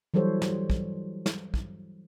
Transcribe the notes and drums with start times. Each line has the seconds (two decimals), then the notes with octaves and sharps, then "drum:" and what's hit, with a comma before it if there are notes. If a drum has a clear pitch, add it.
0.14 E3 F#3 G3 A4 C5 C#5
0.42 drum: snare
0.70 drum: kick
1.26 drum: snare
1.54 drum: kick